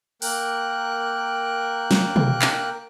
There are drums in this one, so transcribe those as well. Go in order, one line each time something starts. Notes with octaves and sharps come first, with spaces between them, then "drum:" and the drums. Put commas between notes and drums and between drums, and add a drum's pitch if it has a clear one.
A#3 A#4 G5 F#6, drum: open hi-hat
drum: snare
drum: tom
drum: clap